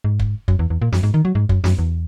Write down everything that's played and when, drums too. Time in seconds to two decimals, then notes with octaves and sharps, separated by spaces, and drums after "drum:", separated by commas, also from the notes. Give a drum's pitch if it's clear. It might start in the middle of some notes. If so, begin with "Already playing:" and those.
0.04 G#2
0.19 drum: kick
0.48 F#2, drum: kick
0.59 E2
0.70 E2
0.82 A#2
0.92 F#2, drum: snare
1.03 G#2
1.14 D#3
1.25 F#3
1.35 G#2
1.49 F#2, drum: kick
1.64 F#2, drum: snare
1.79 E2